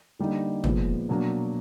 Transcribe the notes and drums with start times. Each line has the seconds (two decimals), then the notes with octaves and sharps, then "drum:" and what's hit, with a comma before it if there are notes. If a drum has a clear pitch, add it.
0.19 D3 G3 A#3 D#4
0.64 A#2 F3 G#3 B3, drum: tom
1.09 B2 F#3 A#3 D4